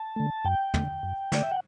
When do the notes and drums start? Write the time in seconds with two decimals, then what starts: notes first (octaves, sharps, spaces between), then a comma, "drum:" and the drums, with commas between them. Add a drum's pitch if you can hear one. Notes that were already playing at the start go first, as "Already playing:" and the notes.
Already playing: A5
0.16 D3 A3
0.45 F#2 G5
0.74 D3 A3, drum: tom
1.03 F#2
1.32 D3 A3 D5, drum: snare
1.43 E5
1.51 F#5